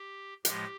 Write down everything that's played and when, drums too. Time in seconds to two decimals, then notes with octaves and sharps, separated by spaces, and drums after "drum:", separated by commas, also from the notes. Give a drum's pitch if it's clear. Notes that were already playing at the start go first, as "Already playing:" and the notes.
Already playing: G4
0.45 A2 F3 G#3 G4, drum: hi-hat